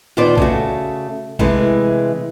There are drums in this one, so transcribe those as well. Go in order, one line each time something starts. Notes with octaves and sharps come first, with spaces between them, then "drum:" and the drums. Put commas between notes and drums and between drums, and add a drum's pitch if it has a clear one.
D#2 A#2 B3 F4 C5 D5
C#3 A3 F#4, drum: kick
C3 E3 G#3 A3, drum: kick